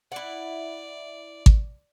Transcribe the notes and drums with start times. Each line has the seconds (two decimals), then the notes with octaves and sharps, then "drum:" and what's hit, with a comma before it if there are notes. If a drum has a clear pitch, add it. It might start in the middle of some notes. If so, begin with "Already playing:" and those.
0.12 E4 D5 F#5
1.46 drum: kick G#1